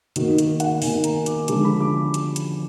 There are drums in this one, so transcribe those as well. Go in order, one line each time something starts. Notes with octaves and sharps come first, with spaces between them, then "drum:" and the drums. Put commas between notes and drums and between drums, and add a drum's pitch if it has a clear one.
D#3 A#3 F#4, drum: hi-hat
A#4, drum: hi-hat
F#5, drum: hi-hat
D#3 A#3 G#5, drum: open hi-hat
A#5, drum: hi-hat
D6, drum: hi-hat
D3 F3 G#3 D6, drum: hi-hat
B5
D6
D6
drum: hi-hat
drum: hi-hat